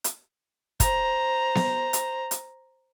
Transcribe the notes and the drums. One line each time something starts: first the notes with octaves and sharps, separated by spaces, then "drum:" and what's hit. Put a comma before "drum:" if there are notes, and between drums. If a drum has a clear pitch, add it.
drum: hi-hat
C5 A#5, drum: kick, hi-hat
drum: snare B3
drum: hi-hat
drum: hi-hat